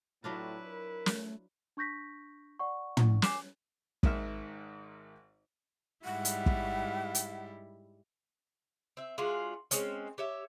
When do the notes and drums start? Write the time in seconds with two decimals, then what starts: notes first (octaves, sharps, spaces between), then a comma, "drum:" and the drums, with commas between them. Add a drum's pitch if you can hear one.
0.24 A2 F#3 D4 E4 F4 B4
0.67 A#4
1.06 A3, drum: snare
1.77 D4 C#6 G6 A#6 B6
2.59 D5 F#5 C#6
2.97 drum: tom
3.22 G#5 D6 C7 E7, drum: snare
4.03 G#1 G#2 A#4 E5 F6, drum: kick
6.05 G#2 G3 E4 F#5
6.25 drum: hi-hat
6.46 drum: kick
7.15 drum: hi-hat
8.97 C4 E5
9.18 G#3 D4 F4 F#4
9.71 G#3 C4 C#4, drum: hi-hat
10.18 G4 C#5 E5